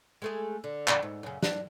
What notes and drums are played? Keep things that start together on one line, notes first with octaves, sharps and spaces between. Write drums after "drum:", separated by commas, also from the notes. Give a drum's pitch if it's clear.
G#3 A3 G#4
D3
F2 D3 D5, drum: clap
G#2
F#2 C#3
D4, drum: snare